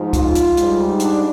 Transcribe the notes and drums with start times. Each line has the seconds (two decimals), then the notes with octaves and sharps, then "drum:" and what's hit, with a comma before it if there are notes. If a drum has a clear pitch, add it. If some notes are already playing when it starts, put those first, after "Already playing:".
Already playing: G#2 F3
0.13 F4, drum: kick, hi-hat
0.35 drum: hi-hat
0.57 G#2 G3, drum: hi-hat
1.00 D4, drum: hi-hat